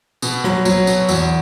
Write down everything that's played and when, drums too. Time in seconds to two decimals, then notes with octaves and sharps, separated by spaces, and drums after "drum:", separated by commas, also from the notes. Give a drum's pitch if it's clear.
0.22 B2, drum: tambourine
0.44 F#3, drum: rim click
0.65 F#3, drum: tambourine
0.87 B2, drum: tambourine
1.09 E2, drum: tambourine